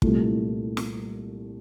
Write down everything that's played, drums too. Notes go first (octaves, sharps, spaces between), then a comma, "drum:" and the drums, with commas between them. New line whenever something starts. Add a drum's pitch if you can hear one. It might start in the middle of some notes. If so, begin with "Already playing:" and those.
C2 A#2 A3 E4, drum: kick
drum: snare